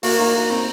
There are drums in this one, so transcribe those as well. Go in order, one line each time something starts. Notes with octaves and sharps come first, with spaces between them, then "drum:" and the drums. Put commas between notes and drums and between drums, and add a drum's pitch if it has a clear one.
A#3 F#4, drum: open hi-hat
A#3 D#4
A#3 F#4
C4 D#4